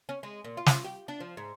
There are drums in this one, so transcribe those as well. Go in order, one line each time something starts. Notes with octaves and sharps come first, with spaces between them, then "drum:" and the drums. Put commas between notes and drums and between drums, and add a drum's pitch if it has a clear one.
C#4
G#3
A#2
F4
drum: snare
G4
D4
F3
G#2